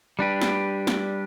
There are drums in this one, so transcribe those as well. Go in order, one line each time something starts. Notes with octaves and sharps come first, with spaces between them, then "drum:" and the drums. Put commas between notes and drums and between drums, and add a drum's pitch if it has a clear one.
G3 D4 G4 B4
drum: snare
drum: snare